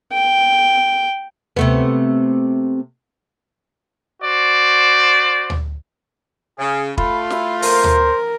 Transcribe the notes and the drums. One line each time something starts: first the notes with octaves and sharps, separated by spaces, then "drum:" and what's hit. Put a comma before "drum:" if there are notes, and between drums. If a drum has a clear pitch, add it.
G5
C3 A3 B3, drum: tom
F#4 C5 D5
drum: tom
C#3 G#4
A3 F4 B5, drum: kick
E4, drum: snare
A#4 C5, drum: open hi-hat
drum: tom